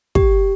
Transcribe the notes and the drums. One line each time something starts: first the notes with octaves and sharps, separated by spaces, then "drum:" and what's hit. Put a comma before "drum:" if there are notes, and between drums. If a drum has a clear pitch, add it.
G4, drum: kick